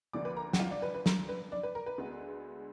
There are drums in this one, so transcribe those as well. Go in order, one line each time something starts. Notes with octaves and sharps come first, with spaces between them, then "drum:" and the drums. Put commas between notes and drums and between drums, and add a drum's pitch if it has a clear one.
D2 D3 F3 A#3 D5 D6
B4 B5
A#4 A#5
F#5, drum: snare
F4 F5
D4 D5
B4
B4
A#4, drum: snare
B4
D4 D5
B4
A#4
B4
D2 D3 G#3 B3